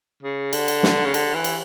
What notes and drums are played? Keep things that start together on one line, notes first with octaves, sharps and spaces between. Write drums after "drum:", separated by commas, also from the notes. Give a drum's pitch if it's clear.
C#3
D3, drum: cymbal
drum: cymbal
drum: snare
C#3
D3, drum: cymbal
E3
drum: cymbal